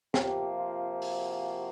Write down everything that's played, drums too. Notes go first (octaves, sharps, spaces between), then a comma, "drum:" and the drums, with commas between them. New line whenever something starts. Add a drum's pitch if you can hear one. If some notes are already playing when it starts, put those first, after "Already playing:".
C3 F3 A#3 G4, drum: snare
F4
F#4, drum: open hi-hat